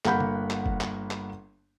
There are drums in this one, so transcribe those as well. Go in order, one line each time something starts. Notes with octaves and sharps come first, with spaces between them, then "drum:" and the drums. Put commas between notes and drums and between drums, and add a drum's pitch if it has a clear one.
G1 A#3 F#5 B5 G6, drum: clap
drum: tom
drum: clap
drum: kick F#1
drum: clap
drum: clap